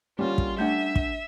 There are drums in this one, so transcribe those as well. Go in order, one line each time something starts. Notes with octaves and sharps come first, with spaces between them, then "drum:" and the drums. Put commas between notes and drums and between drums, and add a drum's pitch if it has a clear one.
D3 G3 A#3 C#4 F4 C5
drum: kick
A3 D4 E5 F#5 G#5 G6
drum: kick